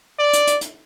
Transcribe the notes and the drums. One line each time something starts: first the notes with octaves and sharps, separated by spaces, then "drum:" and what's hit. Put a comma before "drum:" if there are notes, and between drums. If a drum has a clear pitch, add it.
D5
drum: hi-hat
drum: hi-hat
drum: hi-hat